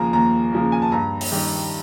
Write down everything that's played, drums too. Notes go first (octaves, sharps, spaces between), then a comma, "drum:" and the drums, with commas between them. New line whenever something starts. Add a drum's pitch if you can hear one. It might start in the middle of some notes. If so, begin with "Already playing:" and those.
Already playing: D#2 C#3 F3 A#3 G#5 A#5
D#2 A#5
C#3 F3 A#3
G#5
A5
G2 A#5
drum: open hi-hat
D#3 G3